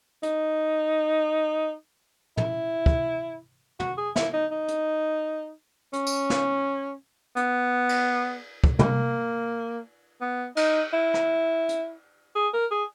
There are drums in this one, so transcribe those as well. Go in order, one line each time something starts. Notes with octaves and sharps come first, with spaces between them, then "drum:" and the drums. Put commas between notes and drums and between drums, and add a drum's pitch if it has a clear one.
D#4, drum: hi-hat
E4, drum: tom
drum: kick
F#4, drum: tom
G#4
E4, drum: snare
D#4
D#4
drum: hi-hat
C#4, drum: hi-hat
drum: tambourine
drum: snare
B3, drum: hi-hat
drum: cymbal
drum: kick
A#3, drum: tom
B3
D#4, drum: cymbal
E4
drum: rim click
drum: hi-hat
G#4
A#4
G#4